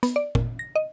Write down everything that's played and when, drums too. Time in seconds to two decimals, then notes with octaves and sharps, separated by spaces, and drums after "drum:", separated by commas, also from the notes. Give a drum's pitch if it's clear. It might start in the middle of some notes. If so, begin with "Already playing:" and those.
0.03 B3, drum: hi-hat
0.16 D5
0.35 A#2, drum: kick
0.59 A#6
0.76 D#5